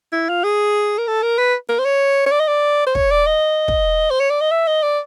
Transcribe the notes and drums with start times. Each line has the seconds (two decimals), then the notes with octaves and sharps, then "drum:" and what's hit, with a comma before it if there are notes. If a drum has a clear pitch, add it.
0.12 E4
0.29 F4
0.44 G#4
0.98 A#4
1.07 A4
1.23 A#4
1.38 B4
1.69 A#4
1.79 C5
1.85 C#5
2.26 C#5
2.32 D5
2.40 D#5
2.48 D5
2.87 C5
2.95 C#5, drum: kick
3.11 D5
3.27 D#5
3.68 drum: kick
4.10 C5
4.20 C#5
4.30 D5
4.41 D#5
4.51 E5
4.67 D#5
4.83 D5